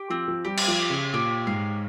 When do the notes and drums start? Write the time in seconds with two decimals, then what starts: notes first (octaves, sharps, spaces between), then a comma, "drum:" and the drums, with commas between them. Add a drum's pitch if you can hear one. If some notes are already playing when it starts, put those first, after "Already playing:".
Already playing: G4
0.10 F3 C4
0.28 F3
0.45 G3 G4
0.57 drum: cymbal
0.68 F3
0.79 G4
0.90 C#3
1.14 A#2 G4
1.47 G#2 F5